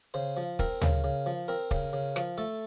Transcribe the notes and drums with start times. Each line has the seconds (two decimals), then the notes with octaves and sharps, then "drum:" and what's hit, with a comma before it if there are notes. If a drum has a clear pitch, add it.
0.14 C#3 C5
0.37 F3
0.59 C4 A#4, drum: kick
0.81 C#3, drum: tom
1.04 C#3
1.26 F3
1.48 C4 A#4
1.71 C#3, drum: kick
1.93 C#3
2.16 F3, drum: rim click
2.38 A3 A4